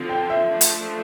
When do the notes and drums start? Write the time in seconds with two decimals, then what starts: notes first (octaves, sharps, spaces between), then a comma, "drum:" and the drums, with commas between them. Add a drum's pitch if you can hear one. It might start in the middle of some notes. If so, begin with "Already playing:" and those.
Already playing: D3 F3 C4
0.09 G5
0.30 E5
0.50 F3 A3 D4
0.61 drum: hi-hat